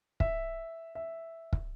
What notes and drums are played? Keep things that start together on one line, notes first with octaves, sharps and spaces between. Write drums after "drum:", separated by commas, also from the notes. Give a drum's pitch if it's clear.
E5, drum: kick
E5
drum: kick